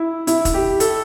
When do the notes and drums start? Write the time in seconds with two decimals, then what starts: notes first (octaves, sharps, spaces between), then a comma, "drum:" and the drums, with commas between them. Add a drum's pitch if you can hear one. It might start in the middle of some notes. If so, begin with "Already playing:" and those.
Already playing: E4
0.27 E4, drum: hi-hat
0.45 drum: kick, hi-hat
0.54 G4
0.80 A4, drum: hi-hat